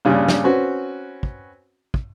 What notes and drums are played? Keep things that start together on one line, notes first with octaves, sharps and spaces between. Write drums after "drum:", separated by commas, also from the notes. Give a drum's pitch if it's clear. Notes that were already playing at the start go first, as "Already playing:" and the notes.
G2 A#2 C#3 G3
drum: snare
C4 C#4 F#4 B4
drum: kick
drum: kick